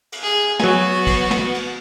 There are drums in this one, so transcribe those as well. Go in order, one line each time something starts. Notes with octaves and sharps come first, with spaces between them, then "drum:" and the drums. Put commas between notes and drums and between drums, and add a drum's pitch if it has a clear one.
drum: cymbal
G#4
F#3 B3 F#4 G#5, drum: snare
drum: kick, cymbal
drum: snare
drum: cymbal